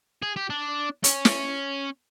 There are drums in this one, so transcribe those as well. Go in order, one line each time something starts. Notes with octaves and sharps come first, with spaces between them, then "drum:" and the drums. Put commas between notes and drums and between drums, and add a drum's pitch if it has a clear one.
G#4
G4
D4
C#4, drum: hi-hat
drum: snare